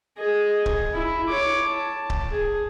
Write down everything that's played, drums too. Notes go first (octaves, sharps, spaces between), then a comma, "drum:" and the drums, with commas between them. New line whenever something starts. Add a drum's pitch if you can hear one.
G#4 D#5
drum: kick C#1
E4
C#5 D6
A5
drum: kick C#1
G#4